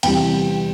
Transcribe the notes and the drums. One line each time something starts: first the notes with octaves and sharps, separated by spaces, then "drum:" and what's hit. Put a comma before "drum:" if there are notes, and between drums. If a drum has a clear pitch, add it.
E2 C3 G3 G5, drum: cymbal